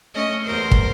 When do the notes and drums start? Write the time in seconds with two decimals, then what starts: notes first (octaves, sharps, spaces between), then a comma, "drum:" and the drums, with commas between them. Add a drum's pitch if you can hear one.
0.14 A3 C#4 D#5
0.44 E2 A#4 C5
0.71 drum: kick